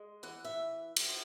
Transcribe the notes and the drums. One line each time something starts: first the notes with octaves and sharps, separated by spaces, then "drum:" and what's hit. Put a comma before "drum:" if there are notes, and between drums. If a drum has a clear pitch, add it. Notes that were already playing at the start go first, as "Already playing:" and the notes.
Already playing: G#3
E3 F#5
E5
drum: cymbal